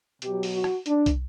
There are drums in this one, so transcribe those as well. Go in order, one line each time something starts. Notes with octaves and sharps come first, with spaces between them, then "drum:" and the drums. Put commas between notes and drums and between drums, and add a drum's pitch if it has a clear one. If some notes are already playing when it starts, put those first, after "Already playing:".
B2 F#3 G4, drum: hi-hat
drum: open hi-hat
F#4
drum: rim click
D4, drum: hi-hat
drum: kick, hi-hat